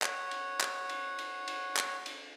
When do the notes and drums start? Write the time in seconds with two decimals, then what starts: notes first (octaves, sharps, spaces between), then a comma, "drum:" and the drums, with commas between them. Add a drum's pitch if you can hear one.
0.02 C#5 F#5, drum: clap
0.31 drum: cymbal
0.60 drum: clap
0.89 drum: cymbal
1.19 drum: cymbal
1.48 drum: cymbal
1.77 drum: clap
2.06 drum: cymbal